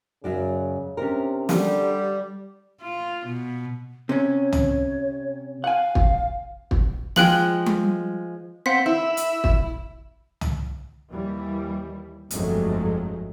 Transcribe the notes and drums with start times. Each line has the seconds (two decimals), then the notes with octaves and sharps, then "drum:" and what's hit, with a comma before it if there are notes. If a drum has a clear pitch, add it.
0.24 F#2 C#3 F#4 D5
0.97 C3 C#4 D4 A#4
1.49 D3 G3, drum: snare
2.81 F4
3.27 B2
4.09 C3 C#4 C#5
4.52 drum: tom
5.64 F5 F#5 G#5
5.95 drum: kick
6.71 drum: kick
7.16 F3 G#3 G5 F#6 F#7, drum: snare
7.66 drum: tom G3
8.66 C4 F5 F#5 B6
8.86 E4 E5
9.17 drum: hi-hat
9.44 drum: kick
10.41 drum: tom
11.10 D#2 E3 G3
12.31 G1 F2 G#2 F#3 G#3 A3, drum: hi-hat